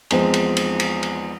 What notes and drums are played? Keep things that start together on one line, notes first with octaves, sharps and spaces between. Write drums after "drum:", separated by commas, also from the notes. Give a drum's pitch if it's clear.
E2 F3 G#3 C4, drum: cymbal
drum: cymbal
drum: cymbal
drum: cymbal
drum: cymbal